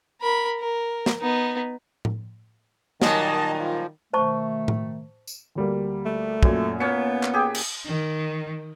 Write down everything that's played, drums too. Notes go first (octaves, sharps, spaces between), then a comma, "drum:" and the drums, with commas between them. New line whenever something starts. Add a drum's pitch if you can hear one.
A#4 B5
A#4
drum: snare
B3 D#4
drum: tom A2
A#2 D#3 F#3 G3 D#5 A5, drum: snare
F3
B2 D#3 A3 C5 A5 C#6
drum: tom A2
drum: tambourine
D2 G3 A#3
A3
F#2 A#2 G#5, drum: kick
A#2 B3 C#4 C#7
drum: clap
G4 G#4
drum: cymbal
D#3